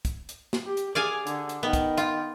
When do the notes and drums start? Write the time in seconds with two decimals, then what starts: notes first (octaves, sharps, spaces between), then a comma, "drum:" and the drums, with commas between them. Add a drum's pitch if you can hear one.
0.05 drum: kick, hi-hat
0.29 drum: hi-hat
0.53 drum: snare
0.66 G4
0.77 drum: hi-hat
0.95 G#4 D5 F5 G#5
1.27 D3, drum: hi-hat
1.49 drum: hi-hat
1.63 D#3 B3
1.73 drum: kick, hi-hat
1.97 F4, drum: hi-hat